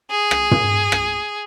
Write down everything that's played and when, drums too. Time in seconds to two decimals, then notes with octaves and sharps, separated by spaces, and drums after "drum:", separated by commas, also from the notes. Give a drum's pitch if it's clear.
0.11 G#4
0.31 drum: rim click
0.51 drum: tom
0.92 drum: rim click